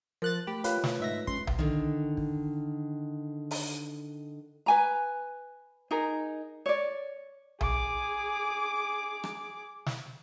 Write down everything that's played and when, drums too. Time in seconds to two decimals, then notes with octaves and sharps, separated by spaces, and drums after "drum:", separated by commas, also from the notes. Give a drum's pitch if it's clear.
0.22 F3 A#4 F#6 A6
0.47 A3 G4 B5
0.64 F4 B4 C#5 F5, drum: hi-hat
0.84 A3, drum: snare
1.00 G#2 E5 A#6
1.27 G#3 C#4 C6, drum: kick
1.47 drum: tom B1
1.59 D3 D#3
2.17 drum: kick
3.51 drum: open hi-hat
4.66 B4 G#5 A#5
5.91 D#4 G#4 A#4
6.66 C#5 D5
7.61 G#4 D6, drum: tom B1
9.24 drum: rim click
9.86 drum: snare